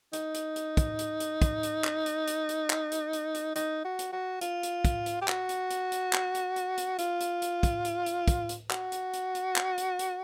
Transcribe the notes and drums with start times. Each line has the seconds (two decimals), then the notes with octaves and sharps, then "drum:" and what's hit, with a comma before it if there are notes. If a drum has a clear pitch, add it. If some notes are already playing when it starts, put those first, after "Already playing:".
0.13 D#4, drum: hi-hat
0.34 drum: hi-hat
0.56 drum: hi-hat
0.77 drum: kick, hi-hat
0.99 drum: hi-hat
1.20 drum: hi-hat
1.42 drum: kick, hi-hat
1.63 drum: hi-hat
1.84 drum: clap
2.06 drum: hi-hat
2.27 drum: hi-hat
2.49 drum: hi-hat
2.70 drum: clap
2.92 drum: hi-hat
3.13 drum: hi-hat
3.34 drum: hi-hat
3.55 D#4, drum: hi-hat
3.85 F#4
3.99 drum: hi-hat
4.13 F#4
4.41 F4, drum: hi-hat
4.63 drum: hi-hat
4.85 drum: kick, hi-hat
5.06 drum: hi-hat
5.21 G4
5.28 F#4, drum: clap
5.49 drum: hi-hat
5.70 drum: hi-hat
5.92 drum: hi-hat
6.13 drum: clap
6.35 drum: hi-hat
6.56 drum: hi-hat
6.77 drum: hi-hat
6.98 F4, drum: hi-hat
7.20 drum: hi-hat
7.42 drum: hi-hat
7.63 drum: kick, hi-hat
7.85 drum: hi-hat
8.06 drum: hi-hat
8.28 drum: kick, hi-hat
8.49 drum: hi-hat
8.71 F#4, drum: clap
8.92 drum: hi-hat
9.13 drum: hi-hat
9.35 drum: hi-hat
9.56 drum: clap
9.78 drum: hi-hat
9.99 drum: hi-hat